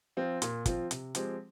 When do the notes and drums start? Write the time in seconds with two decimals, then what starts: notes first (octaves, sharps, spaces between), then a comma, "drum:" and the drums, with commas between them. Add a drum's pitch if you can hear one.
0.17 F3 C4 F4
0.42 A#2, drum: hi-hat
0.66 F3 C4 F4, drum: kick, hi-hat
0.91 C3, drum: hi-hat
1.15 F3 G#3 C4 G4, drum: hi-hat